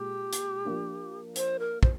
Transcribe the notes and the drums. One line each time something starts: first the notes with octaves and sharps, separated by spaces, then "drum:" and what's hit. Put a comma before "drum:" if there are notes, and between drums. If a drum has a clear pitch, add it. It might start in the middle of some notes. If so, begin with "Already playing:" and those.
Already playing: A#2 G#3 G4
drum: hi-hat
F3 A#3 D4
C5, drum: hi-hat
A#4
C5, drum: kick